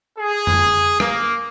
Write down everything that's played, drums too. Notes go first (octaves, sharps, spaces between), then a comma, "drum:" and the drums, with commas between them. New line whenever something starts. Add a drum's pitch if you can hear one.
G#4
drum: tom F2
A#3, drum: rim click